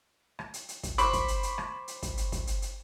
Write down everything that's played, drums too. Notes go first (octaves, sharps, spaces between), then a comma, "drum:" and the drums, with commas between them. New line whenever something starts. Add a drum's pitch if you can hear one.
drum: rim click
drum: hi-hat
drum: hi-hat
drum: kick, hi-hat
C5 B5 C#6 D6, drum: hi-hat
drum: kick, hi-hat
drum: hi-hat
drum: hi-hat
drum: rim click
drum: hi-hat
drum: kick, hi-hat
drum: hi-hat
drum: kick, hi-hat
drum: hi-hat
drum: hi-hat